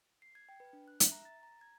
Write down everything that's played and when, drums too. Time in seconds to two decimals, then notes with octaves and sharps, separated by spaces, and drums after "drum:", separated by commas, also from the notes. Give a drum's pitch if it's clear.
0.22 C7
0.35 G#6
0.49 G5
0.60 B4
0.73 D4
0.88 F#6
1.00 E5, drum: hi-hat
1.12 A#5
1.25 A6
1.43 A#5
1.61 G#6